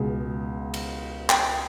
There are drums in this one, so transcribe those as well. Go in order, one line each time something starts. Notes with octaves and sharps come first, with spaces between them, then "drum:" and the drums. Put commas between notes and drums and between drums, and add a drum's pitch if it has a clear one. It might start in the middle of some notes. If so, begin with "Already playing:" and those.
Already playing: C#2 B2 G#3
drum: cymbal
G5, drum: clap